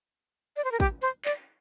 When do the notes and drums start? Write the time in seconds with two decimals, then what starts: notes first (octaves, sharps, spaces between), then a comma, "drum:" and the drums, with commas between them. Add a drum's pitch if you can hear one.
0.57 D5
0.64 C5
0.72 A#4
0.80 G4, drum: kick, hi-hat
1.02 C5, drum: hi-hat
1.25 D5, drum: clap